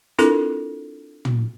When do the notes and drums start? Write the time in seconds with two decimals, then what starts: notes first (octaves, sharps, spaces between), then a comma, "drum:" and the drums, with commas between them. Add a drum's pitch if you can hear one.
0.19 C4 D4 E4 F4 A4 A#4, drum: hi-hat
1.25 drum: tom